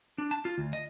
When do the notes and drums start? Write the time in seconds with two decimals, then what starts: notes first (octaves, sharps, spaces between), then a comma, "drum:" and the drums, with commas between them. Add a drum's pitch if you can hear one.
0.18 D4
0.31 A5
0.45 F4
0.58 D2
0.73 D#5, drum: hi-hat